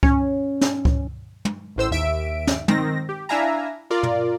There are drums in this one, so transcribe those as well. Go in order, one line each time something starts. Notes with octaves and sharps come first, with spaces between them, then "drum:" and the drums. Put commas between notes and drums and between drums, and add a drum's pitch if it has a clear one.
C#4, drum: kick C#2
drum: snare
drum: kick C#2
drum: tom
A1 A2 C5 E6
D#2 E5 D7
drum: snare
D#3 C4 A#6, drum: tom
G4
D4 E4 E5 F5 G#5 A#5
F4 A#4 D5
drum: tom